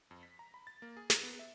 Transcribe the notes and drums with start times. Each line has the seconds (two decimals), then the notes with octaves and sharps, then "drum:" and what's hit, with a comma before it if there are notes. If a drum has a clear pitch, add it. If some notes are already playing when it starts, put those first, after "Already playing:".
0.11 F2
0.23 B6
0.39 A#5
0.54 B5
0.67 A6
0.82 A#3
0.97 G#4
1.10 A#5, drum: snare
1.23 B3
1.39 E5